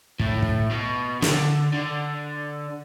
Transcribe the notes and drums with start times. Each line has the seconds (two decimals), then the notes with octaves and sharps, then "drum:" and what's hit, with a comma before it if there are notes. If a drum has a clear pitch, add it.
0.20 A2, drum: kick
0.42 drum: kick
0.71 B2
1.22 D3, drum: snare
1.73 D3